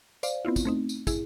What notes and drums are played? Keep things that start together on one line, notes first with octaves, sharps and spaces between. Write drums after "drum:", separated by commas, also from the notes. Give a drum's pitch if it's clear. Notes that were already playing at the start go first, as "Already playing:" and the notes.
C5 D5 F5, drum: tambourine
B3 C4 E4 F4
drum: kick, tambourine
A3 C4 D#4
drum: tambourine
E4 G#4, drum: kick, tambourine